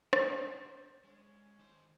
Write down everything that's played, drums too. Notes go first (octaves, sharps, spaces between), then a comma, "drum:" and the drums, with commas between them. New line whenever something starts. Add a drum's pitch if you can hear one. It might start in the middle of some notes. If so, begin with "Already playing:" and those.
D4, drum: rim click
C5
G#3 C#4
D#3 C5